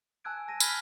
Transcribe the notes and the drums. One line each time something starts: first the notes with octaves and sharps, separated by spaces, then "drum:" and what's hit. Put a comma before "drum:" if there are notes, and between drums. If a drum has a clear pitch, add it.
G#5 A5 E6 F#6 G#6 D7
A5 A#6 D#7
B5 F6 G#6 B6 G7, drum: tambourine